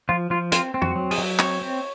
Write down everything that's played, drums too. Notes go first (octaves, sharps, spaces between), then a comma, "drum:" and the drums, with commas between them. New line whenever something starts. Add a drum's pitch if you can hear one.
F3 F4
F3 F4
C4 F4, drum: hi-hat
C4
F#4, drum: tom
F#3
G#4, drum: open hi-hat
F#3
C4 C#5, drum: clap
C4